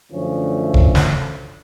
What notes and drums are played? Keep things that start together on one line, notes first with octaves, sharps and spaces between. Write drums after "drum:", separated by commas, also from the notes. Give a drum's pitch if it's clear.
F#2 D3 F3 A3 C#4
drum: kick E1
drum: snare